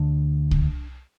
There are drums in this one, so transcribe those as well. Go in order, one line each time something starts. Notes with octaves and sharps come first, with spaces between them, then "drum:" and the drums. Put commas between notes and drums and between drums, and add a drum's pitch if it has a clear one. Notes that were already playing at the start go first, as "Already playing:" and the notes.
Already playing: D2 D3 D4
drum: kick C2